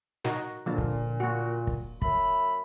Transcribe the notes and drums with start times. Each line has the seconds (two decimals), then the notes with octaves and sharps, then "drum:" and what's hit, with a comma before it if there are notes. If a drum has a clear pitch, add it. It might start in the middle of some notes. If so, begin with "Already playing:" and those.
0.24 D#4 F#4 A#4, drum: snare
0.66 A#2 D3 F3 A#3
0.78 drum: kick
1.20 A#3 F#4
1.67 drum: kick
2.02 F#2 E5 B5, drum: kick